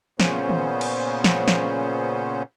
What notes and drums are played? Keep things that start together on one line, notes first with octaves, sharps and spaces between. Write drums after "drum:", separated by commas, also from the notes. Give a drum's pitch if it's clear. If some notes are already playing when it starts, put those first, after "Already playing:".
A#2 C#3 B3 C#4 C5, drum: snare
drum: tom D#3
drum: cymbal
drum: snare
drum: snare